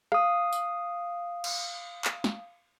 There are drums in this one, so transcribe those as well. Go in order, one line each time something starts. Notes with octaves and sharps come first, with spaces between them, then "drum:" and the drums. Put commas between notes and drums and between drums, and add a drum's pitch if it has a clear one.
F5 D#6, drum: rim click
drum: tambourine
drum: cymbal
drum: clap
drum: snare